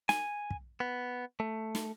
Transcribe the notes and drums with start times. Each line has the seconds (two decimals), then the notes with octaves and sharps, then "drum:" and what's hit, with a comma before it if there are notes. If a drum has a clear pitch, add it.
0.09 G#5, drum: snare
0.50 drum: kick
0.80 B3
1.40 A3
1.75 drum: snare